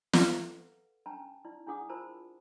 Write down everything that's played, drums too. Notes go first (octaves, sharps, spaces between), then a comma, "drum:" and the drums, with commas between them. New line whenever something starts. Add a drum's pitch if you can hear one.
A4 B4 F5 F#5, drum: snare
C#4 D4 G5 A5 A#5
D#4 E4 D5
D4 E4 G#4 F#5 D6 D#6
E4 F4 A#4 C5 A5 A#5